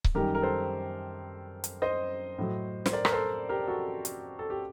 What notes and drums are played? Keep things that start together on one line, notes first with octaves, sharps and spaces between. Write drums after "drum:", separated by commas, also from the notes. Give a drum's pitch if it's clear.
drum: kick C#1
F#2 D#3 G3 G4 A#4
A#4
A4 C5
drum: hi-hat
C5 D#5
A2 F#3
C5, drum: snare
A#4 D5
A#4, drum: rim click
A4 C5
G4 A#4
F#4 A4
drum: hi-hat
A4
G4